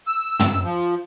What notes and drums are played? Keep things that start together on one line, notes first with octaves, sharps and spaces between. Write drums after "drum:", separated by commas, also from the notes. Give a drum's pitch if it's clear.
E6
drum: tom
F3